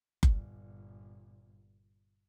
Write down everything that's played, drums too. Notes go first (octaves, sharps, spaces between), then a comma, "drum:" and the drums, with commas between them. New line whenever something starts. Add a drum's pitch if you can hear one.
G1 A#2, drum: kick F#1